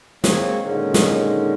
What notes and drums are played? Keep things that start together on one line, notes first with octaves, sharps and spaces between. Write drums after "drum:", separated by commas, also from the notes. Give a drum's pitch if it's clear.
G#3 A#3 C4 C#5 F5, drum: snare
A#2 D3 D#3 G#3 C#4 D#4
drum: snare